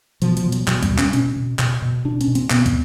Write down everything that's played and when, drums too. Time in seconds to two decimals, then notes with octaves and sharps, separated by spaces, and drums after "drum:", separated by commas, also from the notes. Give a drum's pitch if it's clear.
0.22 B2 F3, drum: hi-hat
0.37 F3, drum: hi-hat
0.45 B2
0.52 F#3, drum: hi-hat
0.68 B2 F#3, drum: clap
0.83 G3, drum: kick, hi-hat
0.91 B2
0.98 C#4, drum: clap
1.13 B2 C#4, drum: hi-hat
1.36 B2
1.59 B2, drum: clap
1.82 B2
2.05 B2 D4
2.21 C#4, drum: hi-hat
2.28 B2
2.35 C4, drum: hi-hat
2.50 B2 B3, drum: clap
2.66 drum: kick, hi-hat